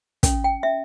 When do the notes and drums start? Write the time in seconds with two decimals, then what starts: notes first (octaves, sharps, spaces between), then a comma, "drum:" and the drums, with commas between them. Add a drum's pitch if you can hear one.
0.23 C#4, drum: kick, hi-hat
0.44 G5
0.63 E5